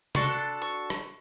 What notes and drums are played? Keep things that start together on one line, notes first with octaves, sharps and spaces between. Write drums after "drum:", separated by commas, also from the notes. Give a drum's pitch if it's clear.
D4 F#4 A4 C6, drum: tom
C#6
drum: rim click